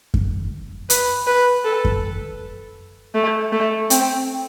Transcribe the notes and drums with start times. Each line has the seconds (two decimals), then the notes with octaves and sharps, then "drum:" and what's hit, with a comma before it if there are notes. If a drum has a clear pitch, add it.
0.14 drum: kick F#2
0.90 B4, drum: hi-hat
1.27 B4
1.65 A4
1.85 drum: kick F#2
3.15 A3
3.52 A3
3.90 C4, drum: hi-hat